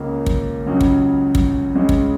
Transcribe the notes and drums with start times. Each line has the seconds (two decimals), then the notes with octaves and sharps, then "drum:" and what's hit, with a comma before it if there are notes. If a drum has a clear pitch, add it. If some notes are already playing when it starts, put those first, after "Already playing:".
Already playing: C#2 C#3 A#3 C#4
0.26 drum: kick
0.66 C#2 C#3 F#3 C#4
0.81 drum: kick
1.35 drum: kick
1.75 C#2 C#3 G#3 C#4
1.89 drum: kick